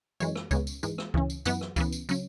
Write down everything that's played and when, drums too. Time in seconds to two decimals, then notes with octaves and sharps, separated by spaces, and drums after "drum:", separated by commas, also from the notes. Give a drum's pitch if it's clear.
0.20 F#2 E3 G#3 C#5, drum: tambourine
0.36 drum: rim click
0.51 C#3 G#3 B3 C#5, drum: kick C#2, tambourine
0.67 drum: tambourine
0.83 G#2 E3 G#3, drum: tambourine
0.98 drum: rim click
1.14 C#3 E3 C#4, drum: kick C#2
1.30 drum: tambourine
1.45 F#2 E3 B3 F#5, drum: tambourine
1.61 drum: rim click
1.76 C#3 E3 B3, drum: kick C#2, tambourine
1.93 drum: tambourine
2.09 C#3 F#3 C#4, drum: tambourine